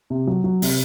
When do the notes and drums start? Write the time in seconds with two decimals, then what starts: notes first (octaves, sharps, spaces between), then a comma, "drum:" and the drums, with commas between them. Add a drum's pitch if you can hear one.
0.10 C3
0.27 F#3
0.44 F#3
0.62 C3, drum: open hi-hat